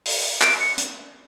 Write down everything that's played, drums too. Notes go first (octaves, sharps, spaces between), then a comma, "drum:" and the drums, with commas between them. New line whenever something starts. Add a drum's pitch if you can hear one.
drum: open hi-hat
D7, drum: clap
C#7
drum: hi-hat